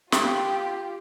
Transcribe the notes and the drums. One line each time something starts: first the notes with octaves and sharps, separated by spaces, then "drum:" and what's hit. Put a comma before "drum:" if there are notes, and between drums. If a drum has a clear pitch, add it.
F4 G4 G5, drum: snare